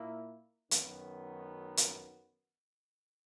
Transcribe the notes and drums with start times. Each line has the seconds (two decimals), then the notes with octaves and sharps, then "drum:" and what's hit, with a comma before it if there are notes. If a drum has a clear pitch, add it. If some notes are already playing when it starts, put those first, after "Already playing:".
Already playing: A#2 A#3 E4
0.71 F#2 D#3 F#3 B3, drum: hi-hat
1.77 drum: hi-hat